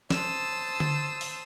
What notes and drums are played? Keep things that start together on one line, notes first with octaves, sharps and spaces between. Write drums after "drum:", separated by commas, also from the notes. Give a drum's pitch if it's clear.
C5 A5 D#6 E6, drum: snare
drum: tom D3
drum: open hi-hat